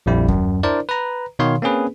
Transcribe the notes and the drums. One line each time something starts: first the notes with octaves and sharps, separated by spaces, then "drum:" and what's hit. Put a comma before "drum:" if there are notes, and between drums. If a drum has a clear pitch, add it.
A#1 F2 G3 E4
F#2, drum: kick D#2
D4 E4 A#4 C5 D5
B4 A#5
B2 D#3 C#5 F5 C6
A#3 C4 C#4 G#4 B4